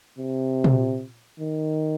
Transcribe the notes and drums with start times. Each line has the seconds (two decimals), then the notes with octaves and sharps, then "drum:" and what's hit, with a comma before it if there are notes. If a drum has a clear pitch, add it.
0.18 C3
0.64 drum: tom
1.40 D#3